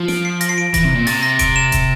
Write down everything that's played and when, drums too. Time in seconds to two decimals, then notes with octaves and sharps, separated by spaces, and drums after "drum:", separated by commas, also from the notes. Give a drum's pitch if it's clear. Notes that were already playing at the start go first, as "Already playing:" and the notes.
Already playing: F3
0.08 D7, drum: snare
0.25 C7
0.41 A#6, drum: hi-hat
0.49 C7
0.58 D7
0.74 E3 A#6, drum: kick E1, hi-hat
0.85 C3
0.95 A#2
1.07 C3 A6, drum: open hi-hat
1.23 A#6
1.39 D7, drum: kick E1, hi-hat
1.56 E7
1.72 drum: kick E1, hi-hat